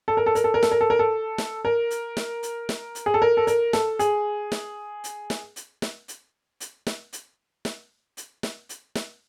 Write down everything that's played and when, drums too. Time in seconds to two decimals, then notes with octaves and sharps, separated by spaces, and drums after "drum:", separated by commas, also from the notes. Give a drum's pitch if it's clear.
0.08 A4
0.17 A#4
0.26 A4
0.35 A#4, drum: hi-hat
0.44 A4
0.54 A#4
0.63 A4, drum: snare
0.71 A#4
0.81 A4
0.90 A#4
0.99 A4
1.38 drum: snare
1.65 A#4
1.91 drum: hi-hat
2.17 drum: snare
2.43 drum: hi-hat
2.69 drum: snare
2.95 drum: hi-hat
3.06 G#4
3.14 A4
3.22 A#4
3.37 A4
3.47 A#4, drum: hi-hat
3.73 A4, drum: snare
3.99 G#4, drum: hi-hat
4.52 drum: snare
5.04 drum: hi-hat
5.30 drum: snare
5.56 drum: hi-hat
5.82 drum: snare
6.08 drum: hi-hat
6.60 drum: hi-hat
6.87 drum: snare
7.13 drum: hi-hat
7.65 drum: snare
8.17 drum: hi-hat
8.43 drum: snare
8.69 drum: hi-hat
8.95 drum: snare